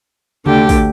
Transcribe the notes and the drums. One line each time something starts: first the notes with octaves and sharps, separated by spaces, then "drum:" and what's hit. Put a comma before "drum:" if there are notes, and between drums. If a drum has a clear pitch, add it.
D2 D3 G4, drum: tom C3
drum: kick, open hi-hat